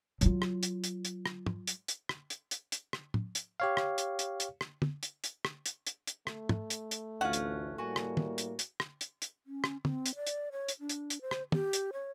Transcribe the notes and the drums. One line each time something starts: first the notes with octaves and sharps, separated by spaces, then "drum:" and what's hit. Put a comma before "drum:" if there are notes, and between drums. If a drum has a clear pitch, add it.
F#3 F4, drum: hi-hat
drum: rim click
drum: hi-hat
drum: hi-hat
drum: hi-hat
drum: rim click
drum: tom
drum: hi-hat
drum: hi-hat
drum: rim click
drum: hi-hat
drum: hi-hat
drum: hi-hat
drum: rim click
drum: tom A2
drum: hi-hat
G4 C#5 F5
drum: rim click
drum: hi-hat
drum: hi-hat
drum: hi-hat
drum: rim click
drum: tom
drum: hi-hat
drum: hi-hat
drum: rim click
drum: hi-hat
drum: hi-hat
drum: hi-hat
A3, drum: rim click
drum: tom
drum: hi-hat
drum: hi-hat
A1 D2 C#4 F4 F#5
drum: hi-hat
A2 G3 A#3 F#4 G#5
drum: rim click
drum: tom
drum: hi-hat
drum: hi-hat
drum: rim click
drum: hi-hat
drum: hi-hat
C#4
drum: rim click
C4, drum: tom
drum: hi-hat
D5
drum: hi-hat
C#5
drum: hi-hat
D4
drum: hi-hat
drum: hi-hat
C5
drum: rim click
G4, drum: tom
drum: hi-hat
C#5